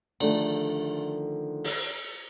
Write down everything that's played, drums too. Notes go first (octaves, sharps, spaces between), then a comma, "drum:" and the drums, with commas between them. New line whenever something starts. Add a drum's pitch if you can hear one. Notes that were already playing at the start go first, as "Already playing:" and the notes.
D3 D#3 F3 A3 D4, drum: cymbal
drum: open hi-hat